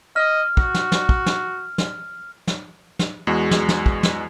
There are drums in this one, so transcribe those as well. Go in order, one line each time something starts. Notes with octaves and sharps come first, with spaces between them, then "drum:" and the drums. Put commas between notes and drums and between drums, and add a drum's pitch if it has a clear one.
D#5 F6
F#4, drum: kick
drum: snare
drum: snare
drum: kick
drum: snare
drum: snare
drum: snare
drum: snare
E2 G#3 F#4
drum: snare
drum: snare
drum: kick
drum: snare